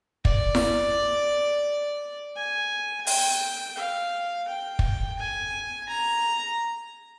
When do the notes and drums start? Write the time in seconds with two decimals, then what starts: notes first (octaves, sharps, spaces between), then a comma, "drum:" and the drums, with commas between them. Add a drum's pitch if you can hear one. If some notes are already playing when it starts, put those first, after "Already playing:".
0.25 D5, drum: kick
0.55 drum: snare E4
2.36 G#5
3.07 G5, drum: open hi-hat
3.78 F5
4.48 G5
4.79 drum: kick
5.19 G#5
5.89 A#5